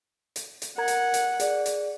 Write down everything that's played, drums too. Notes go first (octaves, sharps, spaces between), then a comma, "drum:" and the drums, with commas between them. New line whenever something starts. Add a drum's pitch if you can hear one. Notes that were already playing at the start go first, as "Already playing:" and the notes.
drum: hi-hat
drum: hi-hat
A#4 F#5 A#5 G#6
drum: hi-hat
drum: hi-hat
G#4 D5, drum: hi-hat
drum: hi-hat